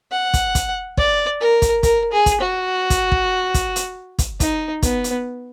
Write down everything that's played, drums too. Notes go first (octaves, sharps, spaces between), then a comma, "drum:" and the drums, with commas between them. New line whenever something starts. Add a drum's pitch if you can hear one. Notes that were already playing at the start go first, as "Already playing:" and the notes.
F#5
drum: kick, hi-hat
drum: kick, hi-hat
D5, drum: kick
A#4
drum: kick, hi-hat
A#4, drum: kick, hi-hat
G#4
drum: kick, hi-hat
F#4
drum: kick, hi-hat
drum: kick
drum: kick, hi-hat
drum: hi-hat
drum: kick, hi-hat
D#4, drum: kick, hi-hat
B3, drum: kick, hi-hat
drum: hi-hat